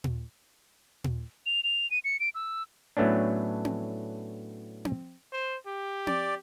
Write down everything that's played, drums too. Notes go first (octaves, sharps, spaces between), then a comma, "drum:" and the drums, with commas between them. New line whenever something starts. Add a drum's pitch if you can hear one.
drum: tom A#2
drum: tom A#2
F7
F7
D#7
C#7
D7
E6
A2 F#3 A3 B3 C#4 D4
drum: tom C4
drum: tom C4
C5
G4
D5, drum: tom C4